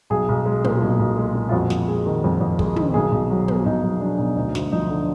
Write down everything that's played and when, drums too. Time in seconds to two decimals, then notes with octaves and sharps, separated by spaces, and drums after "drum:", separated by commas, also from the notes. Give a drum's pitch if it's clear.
0.10 B1 G#4
0.29 B1
0.46 G#3
0.64 A#2, drum: tom
0.82 B1
0.99 B1
1.17 G#3
1.35 A#2
1.49 F4
1.52 F2 F#4
1.70 F2, drum: snare
1.88 G#3 G#4
2.06 D#3
2.24 F2 A#4
2.41 F2
2.59 G#3, drum: kick
2.76 D#3, drum: tom
2.94 B1 G#4
3.12 B1
3.30 F#3
3.48 B2, drum: tom
3.66 B1 D#4
3.83 B1
4.00 F#3 D4
4.18 B2 D#4
4.36 D2 D#4
4.55 D2, drum: snare
4.72 F3 D#4
4.89 D3